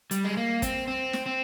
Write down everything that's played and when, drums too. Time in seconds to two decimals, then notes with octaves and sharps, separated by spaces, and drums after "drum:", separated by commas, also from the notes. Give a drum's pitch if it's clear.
0.11 G3, drum: hi-hat
0.24 G#3
0.37 A#3
0.62 C4, drum: kick, hi-hat
0.88 C4
1.13 drum: snare
1.26 C4